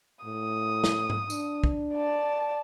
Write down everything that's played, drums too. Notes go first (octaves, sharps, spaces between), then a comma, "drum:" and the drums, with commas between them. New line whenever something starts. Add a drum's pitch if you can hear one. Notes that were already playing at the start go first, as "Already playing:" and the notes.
A2 D#6
drum: snare
drum: tom G#2
D4, drum: tambourine
drum: kick
D5 A5